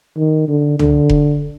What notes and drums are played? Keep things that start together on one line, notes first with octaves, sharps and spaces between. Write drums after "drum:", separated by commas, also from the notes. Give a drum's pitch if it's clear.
D#3
D3
D3, drum: tom C#2
drum: kick F1